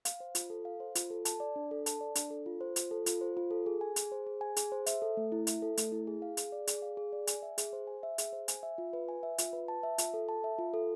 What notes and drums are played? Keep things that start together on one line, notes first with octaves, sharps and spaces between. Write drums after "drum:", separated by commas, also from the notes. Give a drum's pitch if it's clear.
F5, drum: hi-hat
C5
F4, drum: hi-hat
A4
F5
C5
F4, drum: hi-hat
A4
A5, drum: hi-hat
D5
D4
A4
A5, drum: hi-hat
D5
D4, drum: hi-hat
A4
F4
C5
F4, drum: hi-hat
A4
F4, drum: hi-hat
C5
F4
A4
G#4
G#5
G#4, drum: hi-hat
C5
G#4
G#5
G#4, drum: hi-hat
C5
E5, drum: hi-hat
A4
A3
E4
E5, drum: hi-hat
A4
A3, drum: hi-hat
E4
G#4
F5
G#4, drum: hi-hat
D5
G#4, drum: hi-hat
F5
G#4
D5
G#5, drum: hi-hat
E5
G#4, drum: hi-hat
C5
G#5
E5
G#4, drum: hi-hat
C5
G#5, drum: hi-hat
E5
F4
B4
G#5
E5
F4, drum: hi-hat
B4
A5
E5
F4, drum: hi-hat
A4
A5
E5
F4
A4